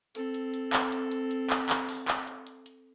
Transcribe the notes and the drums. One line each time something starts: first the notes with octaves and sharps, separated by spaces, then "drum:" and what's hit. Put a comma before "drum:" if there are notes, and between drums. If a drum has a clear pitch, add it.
C4 A4, drum: hi-hat
drum: hi-hat
drum: hi-hat
drum: clap
drum: hi-hat
drum: hi-hat
drum: hi-hat
drum: clap
drum: clap
drum: open hi-hat
drum: clap
drum: hi-hat
drum: hi-hat
drum: hi-hat